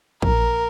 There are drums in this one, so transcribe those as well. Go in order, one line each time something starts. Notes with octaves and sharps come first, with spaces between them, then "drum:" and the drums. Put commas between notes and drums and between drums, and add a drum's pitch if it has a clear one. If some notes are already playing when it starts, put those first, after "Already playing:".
A#1 A#4, drum: kick